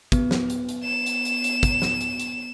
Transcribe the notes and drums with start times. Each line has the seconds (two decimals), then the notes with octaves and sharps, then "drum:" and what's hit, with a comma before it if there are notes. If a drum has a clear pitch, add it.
0.12 B3, drum: kick, hi-hat
0.31 drum: snare
0.50 drum: hi-hat
0.69 drum: hi-hat
0.83 E7
1.06 drum: hi-hat
1.25 drum: hi-hat
1.44 drum: hi-hat
1.63 drum: kick, hi-hat
1.82 drum: snare
2.01 drum: hi-hat
2.19 drum: hi-hat